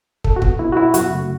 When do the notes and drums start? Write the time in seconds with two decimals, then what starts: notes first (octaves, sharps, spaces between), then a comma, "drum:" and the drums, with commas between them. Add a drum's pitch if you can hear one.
0.24 B2 A4, drum: kick
0.36 F#4
0.42 B3, drum: kick
0.59 B2 E4
0.72 F#4
0.76 B3 E4
0.94 F#2 F#4, drum: hi-hat
1.11 C#3 A3